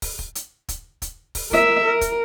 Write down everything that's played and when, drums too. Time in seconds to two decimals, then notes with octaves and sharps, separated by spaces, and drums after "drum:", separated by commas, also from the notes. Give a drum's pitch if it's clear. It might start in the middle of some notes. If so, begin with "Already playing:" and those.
0.02 drum: kick, open hi-hat
0.19 drum: kick
0.35 drum: hi-hat
0.69 drum: kick, hi-hat
1.02 drum: kick, hi-hat
1.35 drum: kick, open hi-hat
1.52 A#4 E5, drum: kick
1.85 A#4
2.01 drum: kick, hi-hat